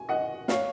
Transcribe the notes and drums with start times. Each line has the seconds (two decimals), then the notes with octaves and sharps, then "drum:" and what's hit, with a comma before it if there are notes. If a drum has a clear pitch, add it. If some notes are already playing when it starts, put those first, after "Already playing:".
Already playing: G#5
0.09 D#5 F#5
0.48 C#5 F5, drum: snare